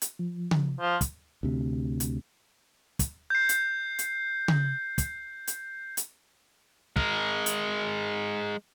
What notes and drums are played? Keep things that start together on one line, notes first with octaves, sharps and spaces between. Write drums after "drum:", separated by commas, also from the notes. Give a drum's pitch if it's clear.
drum: hi-hat
F3
drum: tom C#3
F3
drum: kick, hi-hat
D2 C3
drum: hi-hat
drum: kick, hi-hat
G6 C7
drum: hi-hat
drum: hi-hat
drum: tom C#3
drum: kick, hi-hat
drum: hi-hat
drum: hi-hat
G#3 A#4, drum: kick
drum: hi-hat